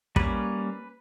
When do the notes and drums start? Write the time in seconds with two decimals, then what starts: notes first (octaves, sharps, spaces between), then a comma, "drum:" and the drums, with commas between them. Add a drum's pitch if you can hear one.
0.16 G3 A#3 C#4 B4, drum: kick